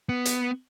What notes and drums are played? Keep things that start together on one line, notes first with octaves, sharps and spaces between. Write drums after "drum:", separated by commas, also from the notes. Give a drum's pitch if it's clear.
B3
drum: hi-hat